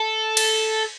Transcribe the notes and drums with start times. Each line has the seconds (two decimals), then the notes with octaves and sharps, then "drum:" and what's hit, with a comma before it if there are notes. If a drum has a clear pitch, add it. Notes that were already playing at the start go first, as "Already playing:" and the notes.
Already playing: A4
0.37 drum: cymbal